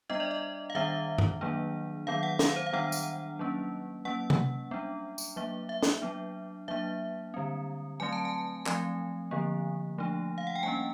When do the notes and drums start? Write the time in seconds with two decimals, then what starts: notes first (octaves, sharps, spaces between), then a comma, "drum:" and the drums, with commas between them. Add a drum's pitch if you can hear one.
0.09 G3 B3 D4 D#5
0.20 D5
0.31 D#5
0.70 F5
0.75 D#3 G3 B3 D4 E5
1.18 drum: tom F#2
1.41 D#3 F#3 A#3 D4
2.07 D#3 F#3 B3 F5
2.23 F#5
2.39 F5, drum: snare
2.56 C5
2.67 F5
2.73 D#3 G3 B3 D4 F#5
2.92 drum: tambourine
3.39 F#3 A#3 C#4
4.05 F#3 A#3 C#4 F#5
4.30 drum: tom C3
4.71 G3 B3 D4
5.18 drum: tambourine
5.36 F#3 A#3 D4 E5
5.69 E5
5.83 drum: snare
6.02 F#3 B3 D4
6.68 F#3 A#3 D4 E5
7.34 D3 G3 C4
8.00 F#3 A3 C4 G#5
8.13 A5
8.25 G#5
8.66 F3 A3 C4, drum: clap
9.31 D3 F3 A#3
9.98 F3 A3 D4
10.38 F5
10.47 F#5
10.56 G5
10.63 G3 A#3 C#4 G#5